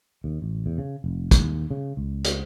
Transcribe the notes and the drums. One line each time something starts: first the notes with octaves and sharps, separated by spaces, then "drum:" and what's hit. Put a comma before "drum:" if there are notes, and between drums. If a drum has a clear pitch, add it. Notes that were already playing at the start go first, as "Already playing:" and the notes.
D#2
A1
E2
C#3
F1
D#2, drum: kick, hi-hat
C#3
C#2
drum: hi-hat